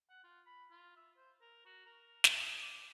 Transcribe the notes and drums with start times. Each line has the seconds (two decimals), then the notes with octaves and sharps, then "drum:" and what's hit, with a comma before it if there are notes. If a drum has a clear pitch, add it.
0.09 F#5
0.24 F4
0.46 B5
0.71 F4
0.96 E5
1.16 C5
1.41 A#4
1.66 F#4
1.86 A#4
2.24 drum: snare
2.38 G#4
2.62 D6